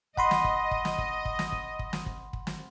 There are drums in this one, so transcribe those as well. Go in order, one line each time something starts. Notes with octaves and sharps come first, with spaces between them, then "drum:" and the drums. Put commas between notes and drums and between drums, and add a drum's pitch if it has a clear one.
D#5 F#5 B5 C6, drum: kick
drum: snare
drum: kick
drum: kick
drum: snare
drum: kick
drum: kick
drum: snare
drum: kick
drum: kick
drum: snare
drum: kick
drum: kick
drum: snare